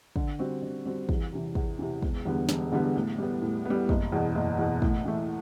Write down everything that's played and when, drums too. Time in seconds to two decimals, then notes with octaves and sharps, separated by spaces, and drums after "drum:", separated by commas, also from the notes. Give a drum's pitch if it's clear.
0.16 D3, drum: kick
0.39 G3 C4 F#4
0.62 D3
0.85 G3 C4 F#4
1.09 E2, drum: kick
1.33 C3 E3
1.55 E2, drum: kick
1.79 C3 E3
2.02 E1, drum: kick
2.25 E2 D3 G3 B3
2.49 E1, drum: snare
2.72 E2 D3 G3 B3
2.95 A2
3.18 G3 B3
3.42 A2
3.65 G3 B3
3.89 F#1, drum: kick
4.12 E2 B2
4.35 F#1
4.59 E2 B2
4.82 A2, drum: kick
5.05 E3 A3